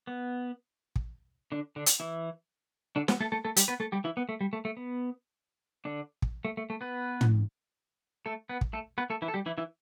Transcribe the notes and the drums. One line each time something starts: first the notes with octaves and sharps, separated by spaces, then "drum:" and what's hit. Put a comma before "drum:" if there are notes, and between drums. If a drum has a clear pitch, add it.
B3
drum: kick
D3 D4
D3 D4
drum: hi-hat
E3 E4
D3 D4
B3, drum: snare
A3 A4
A3 A4
A3 A4
G3 G4, drum: hi-hat
B3 B4
A3 A4
G3 G4
E3 E4
B3
A3
G3
A3
A3
B3
D3 D4
drum: kick
A3
A3
A3
B3 B4
drum: tom
A3 A4
B3 B4
drum: kick
A3 A4
B3 B4
A3 A4
E3 E4
A4
G3 G4
E3 E4
E3 E4